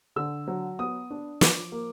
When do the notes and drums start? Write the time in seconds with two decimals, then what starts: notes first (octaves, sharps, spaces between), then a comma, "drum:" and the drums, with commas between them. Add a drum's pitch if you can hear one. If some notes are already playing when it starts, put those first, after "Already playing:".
0.16 D3 E6
0.48 F#3
0.79 B3 D#6
1.10 D4
1.41 F3 D6, drum: snare
1.72 A#3